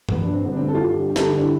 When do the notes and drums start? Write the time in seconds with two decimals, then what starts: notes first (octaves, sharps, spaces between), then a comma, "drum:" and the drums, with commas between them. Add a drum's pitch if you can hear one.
0.09 F1 B3, drum: tom G2
0.22 B2 D4
0.33 C4
0.44 G1 B3
0.52 D4
0.56 C4
0.62 G2
0.68 A4
0.74 F4
0.80 G1 G4
0.98 D3
1.10 G4
1.16 G1 A4, drum: snare
1.28 G4
1.36 D4
1.40 E4